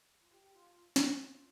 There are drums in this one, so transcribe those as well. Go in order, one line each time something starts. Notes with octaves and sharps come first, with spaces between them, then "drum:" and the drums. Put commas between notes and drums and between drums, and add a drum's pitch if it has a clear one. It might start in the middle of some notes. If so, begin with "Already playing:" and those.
F4
G4
F4
D#4, drum: snare
F4